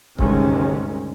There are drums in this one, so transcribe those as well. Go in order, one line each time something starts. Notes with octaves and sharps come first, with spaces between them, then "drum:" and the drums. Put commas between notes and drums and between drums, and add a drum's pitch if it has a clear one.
D2 G2 C3 D#3 G#3 C#4, drum: kick C#1